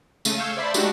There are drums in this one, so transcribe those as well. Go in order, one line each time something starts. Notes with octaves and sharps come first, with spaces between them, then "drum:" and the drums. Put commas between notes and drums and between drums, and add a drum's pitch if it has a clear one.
C#3 A3 D#7, drum: tambourine
F5 C#6 E6 G6 G#6
C5 D5 E5 A5 B5 C6
G#3 A3 D4 D#4 F#4 G4, drum: tambourine